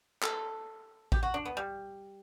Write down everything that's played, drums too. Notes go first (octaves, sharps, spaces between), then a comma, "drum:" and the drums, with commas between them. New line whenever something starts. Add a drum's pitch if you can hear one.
A4, drum: clap
G4, drum: kick A1
F#4
D4
B3
G3